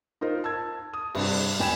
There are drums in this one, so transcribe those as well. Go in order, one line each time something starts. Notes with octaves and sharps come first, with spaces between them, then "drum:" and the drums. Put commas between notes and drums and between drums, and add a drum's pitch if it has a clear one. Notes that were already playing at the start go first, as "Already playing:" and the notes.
D#4 F4 A#4 C5
A5 E6 G#6
D#6
G2 C3 D4, drum: cymbal
E1 G5 G#5 B5 E7, drum: snare